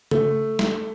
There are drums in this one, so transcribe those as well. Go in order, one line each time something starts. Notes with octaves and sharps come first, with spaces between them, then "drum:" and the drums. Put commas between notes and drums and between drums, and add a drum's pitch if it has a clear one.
A3, drum: tom C#3
drum: snare